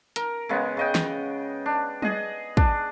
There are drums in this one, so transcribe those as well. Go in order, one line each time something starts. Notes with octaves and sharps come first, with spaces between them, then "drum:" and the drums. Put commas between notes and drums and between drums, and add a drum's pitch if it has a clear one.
A#4, drum: hi-hat
C#3 G#3 B3
C#3 D#5 G5
drum: snare
D4
G#4 D#5, drum: tom F#3
D4, drum: kick